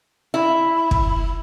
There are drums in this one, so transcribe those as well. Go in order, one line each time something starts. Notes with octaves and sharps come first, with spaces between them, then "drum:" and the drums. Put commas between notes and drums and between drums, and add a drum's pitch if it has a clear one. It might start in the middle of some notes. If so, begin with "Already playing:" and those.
E4
drum: kick